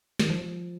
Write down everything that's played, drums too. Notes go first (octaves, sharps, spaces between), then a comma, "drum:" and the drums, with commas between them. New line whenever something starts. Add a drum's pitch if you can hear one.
D#3, drum: snare
F3